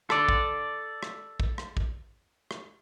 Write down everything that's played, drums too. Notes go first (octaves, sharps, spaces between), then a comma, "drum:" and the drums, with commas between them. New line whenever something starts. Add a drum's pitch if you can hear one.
A4 D5, drum: rim click
drum: kick
drum: rim click
drum: kick
drum: rim click
drum: kick
drum: rim click